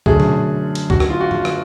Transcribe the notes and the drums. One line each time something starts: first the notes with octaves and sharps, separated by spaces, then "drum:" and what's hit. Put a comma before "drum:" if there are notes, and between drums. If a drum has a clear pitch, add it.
F#2 D3 F#3 A3 G#4, drum: kick C#2
drum: tom B2
drum: hi-hat
F#4, drum: kick C#2
F#4, drum: rim click
F4
F#4
drum: tom F#2
drum: rim click